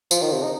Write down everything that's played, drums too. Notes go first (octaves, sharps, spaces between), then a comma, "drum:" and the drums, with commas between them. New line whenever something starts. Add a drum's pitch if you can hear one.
F3, drum: tambourine
D#3
C3
D#4